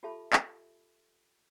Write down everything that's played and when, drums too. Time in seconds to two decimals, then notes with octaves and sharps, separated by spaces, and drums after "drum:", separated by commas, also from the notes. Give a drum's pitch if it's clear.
0.03 F4 G4 A4 E5 A5 B5
0.33 drum: clap